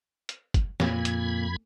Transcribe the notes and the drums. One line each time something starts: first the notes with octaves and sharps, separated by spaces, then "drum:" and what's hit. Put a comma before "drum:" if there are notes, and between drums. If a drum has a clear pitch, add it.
drum: hi-hat
drum: kick F#1, hi-hat
F2 A#2 B5 G#6, drum: snare
drum: hi-hat